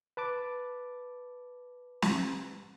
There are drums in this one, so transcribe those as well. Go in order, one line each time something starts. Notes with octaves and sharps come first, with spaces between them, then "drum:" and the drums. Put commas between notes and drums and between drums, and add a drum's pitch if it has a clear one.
B4 A5 D6
drum: snare